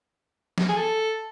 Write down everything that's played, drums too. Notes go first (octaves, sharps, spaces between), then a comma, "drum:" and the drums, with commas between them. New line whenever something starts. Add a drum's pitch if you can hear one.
drum: snare
G#4
A4